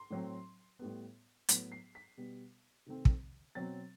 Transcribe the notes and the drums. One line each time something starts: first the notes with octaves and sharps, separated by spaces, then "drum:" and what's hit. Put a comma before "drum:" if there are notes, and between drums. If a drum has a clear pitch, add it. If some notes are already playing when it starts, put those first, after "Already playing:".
Already playing: C6
A2 F#3 C4
A2 G3 B3
A2 F#3 B3 B6, drum: hi-hat
C7
B6
B2 G3 B3
C3 D#3 A3 C4
drum: kick
B2 F#3 C4 A6